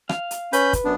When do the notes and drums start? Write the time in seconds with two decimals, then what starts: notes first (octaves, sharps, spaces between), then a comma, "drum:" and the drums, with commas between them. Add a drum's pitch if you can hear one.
0.09 F5, drum: rim click
0.31 drum: hi-hat
0.53 C#4 B4 B5 G6, drum: hi-hat
0.73 drum: kick, hi-hat
0.85 F#2 B3 D4